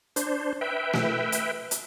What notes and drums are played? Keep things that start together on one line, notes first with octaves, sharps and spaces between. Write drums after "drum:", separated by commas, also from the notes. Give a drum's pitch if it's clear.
D4 C5, drum: hi-hat
B4 E5 G5
drum: snare A3
drum: hi-hat
drum: hi-hat